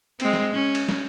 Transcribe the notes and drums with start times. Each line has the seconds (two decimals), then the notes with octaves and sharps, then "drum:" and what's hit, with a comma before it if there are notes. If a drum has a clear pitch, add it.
0.20 G#3 C4, drum: cymbal
0.34 drum: snare
0.54 C#4
0.75 drum: cymbal
0.89 drum: snare